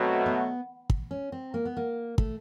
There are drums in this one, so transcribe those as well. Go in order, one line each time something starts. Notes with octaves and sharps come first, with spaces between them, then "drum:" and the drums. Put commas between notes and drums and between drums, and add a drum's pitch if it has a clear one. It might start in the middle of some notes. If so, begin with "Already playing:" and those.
Already playing: B2 F#3 A3 C4
B3
drum: kick
C#4
C4
A#3
B3
A#3
A3, drum: kick